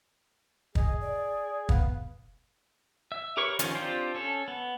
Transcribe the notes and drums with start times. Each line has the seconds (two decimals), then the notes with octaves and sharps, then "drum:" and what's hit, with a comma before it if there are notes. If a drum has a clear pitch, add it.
0.75 G#4 D#5, drum: kick
1.01 D5
1.69 B3 F5, drum: kick
3.12 E5
3.37 G4 A#4 B4 C#5 C#6
3.59 D#3 F3 C#4 D#4 F4, drum: hi-hat
3.75 C4 D4 F4 G4 C5
4.15 C#4 A4
4.48 B3